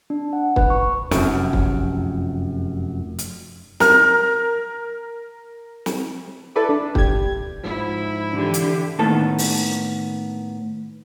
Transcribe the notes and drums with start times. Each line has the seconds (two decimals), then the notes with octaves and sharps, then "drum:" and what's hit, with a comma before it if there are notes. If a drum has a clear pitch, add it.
0.10 D4
0.33 F#5
0.56 B4, drum: kick
0.70 C#6
1.11 F1 F#2, drum: snare
1.53 drum: kick
3.19 drum: hi-hat
3.80 A#4 F6, drum: snare
5.86 drum: snare
6.56 E4 A4 B4 D5
6.69 D4
6.95 G4 G#6, drum: kick
7.64 G#2 F3 E4
8.34 D3 E3 G4
8.54 drum: hi-hat
8.99 A2 D#3 A#3 B3 A4 A5
9.38 drum: open hi-hat